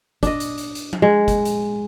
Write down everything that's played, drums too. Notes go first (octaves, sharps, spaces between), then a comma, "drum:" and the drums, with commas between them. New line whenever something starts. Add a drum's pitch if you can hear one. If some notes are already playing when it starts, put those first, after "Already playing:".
D4 D#5, drum: kick, hi-hat
drum: hi-hat
drum: hi-hat
drum: hi-hat
drum: tom F3
G#3
drum: kick, hi-hat
drum: hi-hat